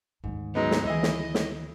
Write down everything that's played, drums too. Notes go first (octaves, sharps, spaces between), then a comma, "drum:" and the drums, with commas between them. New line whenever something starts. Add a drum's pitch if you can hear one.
D2 G#2 D#3
F#3 G#3 B3 D#4
drum: snare
E3 E4 G#4 D#5
drum: snare
drum: snare